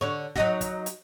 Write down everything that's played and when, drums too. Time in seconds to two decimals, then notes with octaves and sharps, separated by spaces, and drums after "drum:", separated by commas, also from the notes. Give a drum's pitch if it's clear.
0.01 D3 C#5
0.36 F#3 D#4 F#4, drum: snare
0.61 drum: kick, hi-hat
0.86 drum: hi-hat